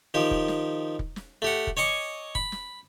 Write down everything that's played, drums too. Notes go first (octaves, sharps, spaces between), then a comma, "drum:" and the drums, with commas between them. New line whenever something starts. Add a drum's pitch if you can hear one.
D#3 F3 G4
drum: kick
drum: snare
drum: kick
drum: snare
A3 G4 F#5
drum: kick
C#5 D#5 G#5 C#6 D6
B5, drum: kick
drum: snare